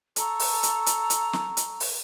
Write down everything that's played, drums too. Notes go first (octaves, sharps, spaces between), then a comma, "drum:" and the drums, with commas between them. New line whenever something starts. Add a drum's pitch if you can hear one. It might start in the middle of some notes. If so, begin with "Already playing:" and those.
A4 A#5 C#6, drum: hi-hat
drum: open hi-hat
drum: hi-hat
drum: hi-hat
drum: hi-hat
drum: snare
drum: hi-hat
drum: open hi-hat